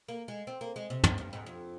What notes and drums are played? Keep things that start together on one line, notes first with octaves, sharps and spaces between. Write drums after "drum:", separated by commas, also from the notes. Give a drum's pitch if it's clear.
A#3
G#3
C4
A#3
G#3
C3
G#2, drum: tom
G2
G#2
F2